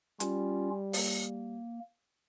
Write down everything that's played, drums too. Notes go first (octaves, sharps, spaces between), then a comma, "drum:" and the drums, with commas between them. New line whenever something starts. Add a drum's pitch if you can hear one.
G3 C#4 F4, drum: hi-hat
A#3, drum: open hi-hat